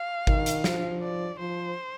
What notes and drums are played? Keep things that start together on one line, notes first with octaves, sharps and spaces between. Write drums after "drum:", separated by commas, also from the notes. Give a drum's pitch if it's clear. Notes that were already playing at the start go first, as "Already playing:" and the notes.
Already playing: F5
D#3, drum: kick G#1
drum: hi-hat
F3, drum: snare
D5
F3 C5